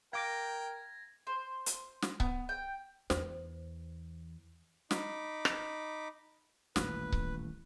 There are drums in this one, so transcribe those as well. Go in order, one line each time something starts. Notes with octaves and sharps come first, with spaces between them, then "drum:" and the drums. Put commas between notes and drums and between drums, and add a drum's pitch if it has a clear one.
A#4 F5 G5 D6 G#6 A#6
C5
drum: hi-hat
drum: snare
B3, drum: kick C#1
G5
E2 C5, drum: snare
D#4 B5 D6, drum: snare
drum: rim click
D#1 A1 B4, drum: snare
drum: kick C#1